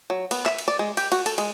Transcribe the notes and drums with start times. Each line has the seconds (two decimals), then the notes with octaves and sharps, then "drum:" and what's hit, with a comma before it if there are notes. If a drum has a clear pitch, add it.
0.10 F#3
0.31 B3, drum: cymbal
0.46 E5, drum: clap
0.58 drum: cymbal
0.68 D5
0.79 G#3
0.97 G4, drum: cymbal
1.12 F#4, drum: cymbal
1.26 A4, drum: cymbal
1.38 G#3, drum: cymbal